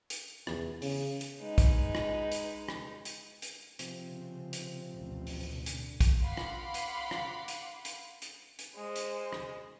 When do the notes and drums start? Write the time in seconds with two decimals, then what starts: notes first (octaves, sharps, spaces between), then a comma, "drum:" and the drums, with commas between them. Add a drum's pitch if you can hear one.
0.10 drum: hi-hat
0.47 E2, drum: rim click
0.82 C#3, drum: open hi-hat
1.21 drum: hi-hat
1.40 G#3 D#4 B4
1.58 drum: kick, hi-hat
1.95 drum: rim click
2.32 drum: hi-hat
2.68 drum: rim click
3.05 drum: hi-hat
3.42 drum: hi-hat
3.79 C3 F3 C4, drum: hi-hat
4.10 C#3
4.53 drum: hi-hat
4.93 A1 D2 B2
5.27 drum: open hi-hat
5.66 D3, drum: hi-hat
6.01 drum: kick, hi-hat
6.24 F5 F#5 B5 C6 D6
6.37 drum: rim click
6.74 drum: hi-hat
7.11 drum: rim click
7.48 drum: hi-hat
7.85 drum: hi-hat
8.22 drum: hi-hat
8.59 drum: hi-hat
8.76 G#3 C5
8.96 drum: hi-hat
9.33 drum: rim click